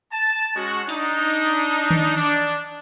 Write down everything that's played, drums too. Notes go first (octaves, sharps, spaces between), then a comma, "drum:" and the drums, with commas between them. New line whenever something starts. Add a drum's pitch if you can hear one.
A5
G#3 C#4 F#4
D4 D#4, drum: open hi-hat
drum: tom D#3
D4